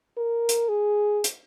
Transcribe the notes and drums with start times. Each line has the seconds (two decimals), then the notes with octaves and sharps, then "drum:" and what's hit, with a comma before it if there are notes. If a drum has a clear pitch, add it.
0.17 A#4
0.49 drum: hi-hat
0.69 G#4
1.24 drum: hi-hat